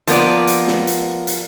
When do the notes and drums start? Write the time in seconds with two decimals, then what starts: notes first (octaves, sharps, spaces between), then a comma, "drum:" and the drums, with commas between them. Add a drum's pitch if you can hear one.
0.07 F3 A#3 B3 D5, drum: hi-hat
0.47 drum: hi-hat
0.67 drum: snare
0.87 drum: hi-hat
1.27 drum: hi-hat